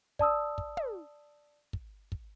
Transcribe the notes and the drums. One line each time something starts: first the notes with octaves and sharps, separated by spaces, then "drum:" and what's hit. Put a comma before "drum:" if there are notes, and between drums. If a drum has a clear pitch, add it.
D5 A5 D#6 E6, drum: kick
drum: kick
drum: tom
drum: kick
drum: kick